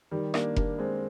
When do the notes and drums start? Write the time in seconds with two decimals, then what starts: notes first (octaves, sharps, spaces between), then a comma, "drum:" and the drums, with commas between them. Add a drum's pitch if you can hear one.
0.11 D#3 G3
0.34 A#3 D4, drum: rim click
0.56 A#3 D4, drum: kick F1
0.78 G#3 C4